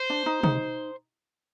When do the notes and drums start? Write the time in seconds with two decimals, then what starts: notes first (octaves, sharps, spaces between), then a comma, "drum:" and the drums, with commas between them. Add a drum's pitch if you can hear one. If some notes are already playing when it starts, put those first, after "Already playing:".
Already playing: C5
0.10 D4
0.26 D#4
0.43 D#4, drum: tom